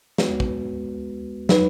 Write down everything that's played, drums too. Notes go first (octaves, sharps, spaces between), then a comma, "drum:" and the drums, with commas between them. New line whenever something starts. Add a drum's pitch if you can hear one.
G#3 B3 F#4 B4, drum: snare
drum: kick
F#3 D#4 B4, drum: snare